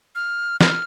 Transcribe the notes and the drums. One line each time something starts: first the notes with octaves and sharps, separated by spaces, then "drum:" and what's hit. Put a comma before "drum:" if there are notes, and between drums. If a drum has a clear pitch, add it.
F6
F6, drum: snare